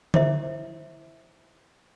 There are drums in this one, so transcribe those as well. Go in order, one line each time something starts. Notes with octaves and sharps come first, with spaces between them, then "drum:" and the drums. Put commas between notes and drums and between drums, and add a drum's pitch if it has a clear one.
E4 C5 E5, drum: tom D3